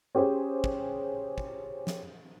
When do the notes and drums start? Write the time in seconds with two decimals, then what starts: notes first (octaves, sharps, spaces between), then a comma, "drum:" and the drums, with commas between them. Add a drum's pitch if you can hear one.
0.15 C#4 G4 G#4 C5 C#5
0.64 drum: kick
1.38 drum: kick
1.87 drum: snare